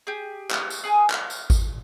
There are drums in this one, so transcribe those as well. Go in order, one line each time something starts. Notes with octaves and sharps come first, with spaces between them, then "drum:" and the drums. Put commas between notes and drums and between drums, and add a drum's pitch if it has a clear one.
G4 G#4
drum: clap
drum: tambourine
G#4 G#5 D#6
F6, drum: clap
drum: tambourine
drum: kick G#1, tambourine